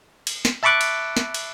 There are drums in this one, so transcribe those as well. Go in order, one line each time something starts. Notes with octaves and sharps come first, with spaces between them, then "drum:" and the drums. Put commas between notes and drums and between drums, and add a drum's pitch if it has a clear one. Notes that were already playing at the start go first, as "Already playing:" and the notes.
drum: cymbal
drum: snare
E5 A5 B5 C#6 D6 F#6
drum: cymbal
drum: snare
drum: cymbal